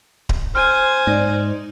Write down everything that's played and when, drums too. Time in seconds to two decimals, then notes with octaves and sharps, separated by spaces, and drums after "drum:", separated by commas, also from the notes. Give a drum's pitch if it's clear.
0.29 drum: kick D1
0.55 C5 G#5 F6
1.07 G#2 D#4 D5